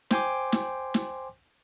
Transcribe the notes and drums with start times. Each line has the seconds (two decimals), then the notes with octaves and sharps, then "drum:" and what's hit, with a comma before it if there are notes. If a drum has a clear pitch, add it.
0.11 C5 G5 G#5 C6 D6, drum: snare
0.52 drum: snare
0.94 drum: snare